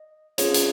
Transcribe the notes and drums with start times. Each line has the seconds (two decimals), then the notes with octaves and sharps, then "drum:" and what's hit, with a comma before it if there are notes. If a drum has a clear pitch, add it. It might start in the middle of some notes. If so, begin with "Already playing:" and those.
Already playing: D#5
0.38 C#4 F4 G#4 C#5, drum: hi-hat
0.54 drum: hi-hat